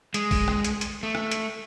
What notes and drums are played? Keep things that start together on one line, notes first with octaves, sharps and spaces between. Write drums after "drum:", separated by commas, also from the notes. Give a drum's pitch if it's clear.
G#3, drum: hi-hat
drum: kick, open hi-hat
drum: rim click
drum: hi-hat
drum: hi-hat
A3
drum: rim click
drum: hi-hat